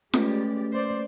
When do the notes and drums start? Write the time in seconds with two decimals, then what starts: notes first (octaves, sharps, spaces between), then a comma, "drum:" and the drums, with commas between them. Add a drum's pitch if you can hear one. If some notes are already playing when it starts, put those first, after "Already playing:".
0.14 G#3 A3 C#4 G4 B4 D5, drum: snare
0.70 A#3 C5 D5